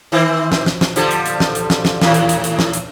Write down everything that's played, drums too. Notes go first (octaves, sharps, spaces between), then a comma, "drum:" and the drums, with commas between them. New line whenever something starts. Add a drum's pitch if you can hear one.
D#3 E3 C4
drum: snare
drum: snare
drum: snare
D3 F3 G3, drum: hi-hat
drum: hi-hat
drum: hi-hat
drum: snare
drum: hi-hat
drum: snare
drum: snare
D#2 A2, drum: snare
drum: hi-hat
drum: hi-hat
drum: hi-hat
drum: snare
drum: hi-hat